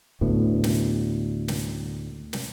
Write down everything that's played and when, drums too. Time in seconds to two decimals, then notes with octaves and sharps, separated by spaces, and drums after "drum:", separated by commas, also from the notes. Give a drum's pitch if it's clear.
0.21 D2 A2 B3
0.64 drum: snare
1.48 drum: snare
2.33 drum: snare